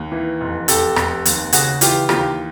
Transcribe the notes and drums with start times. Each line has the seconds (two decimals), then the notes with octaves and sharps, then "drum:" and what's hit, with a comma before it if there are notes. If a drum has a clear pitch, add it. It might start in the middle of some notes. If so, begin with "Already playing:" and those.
Already playing: D#2
0.12 E3
0.41 F1
0.68 F1 G4 A4, drum: hi-hat
0.96 F1, drum: rim click
1.25 D#2, drum: hi-hat
1.53 C#3 F#4 G#4, drum: hi-hat
1.81 E3 F4 G4, drum: hi-hat
2.09 D#2 F4 G4, drum: rim click